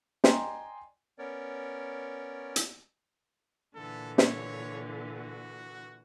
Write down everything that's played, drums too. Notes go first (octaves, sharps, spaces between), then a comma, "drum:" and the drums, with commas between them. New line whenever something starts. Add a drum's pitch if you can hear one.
D5 D#5 G5 G#5 A#5 C6, drum: snare
B3 C#4 A#4 C#5 D5
drum: hi-hat
A#2 D3 E3 A4
C#5, drum: snare
F#4